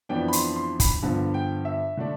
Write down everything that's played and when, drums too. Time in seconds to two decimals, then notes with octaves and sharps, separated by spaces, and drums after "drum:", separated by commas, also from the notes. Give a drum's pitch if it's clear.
0.09 F2 E3 B3 D4 G5
0.28 B5
0.33 C6, drum: hi-hat
0.56 C6
0.80 B5, drum: kick, hi-hat
1.02 G2 D3 F3 B3 A5
1.34 G5
1.65 E5
1.97 D3 A3 D4